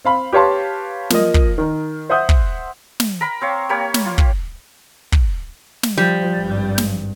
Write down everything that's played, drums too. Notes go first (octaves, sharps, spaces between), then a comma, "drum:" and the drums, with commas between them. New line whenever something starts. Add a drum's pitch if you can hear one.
C4 F5 B5
G4 B4 C#5 F5 A5 C6
F3 A#3 D#5, drum: snare
drum: kick
D#3 A#4
C5 E5 F#5 D#6 G6
drum: kick
drum: snare
A#4 B5
C4 C#5 F5
A#3 G4 C#5 B5
drum: snare
F4
drum: kick
drum: kick
drum: snare
F3 G3
G#1 G2
drum: snare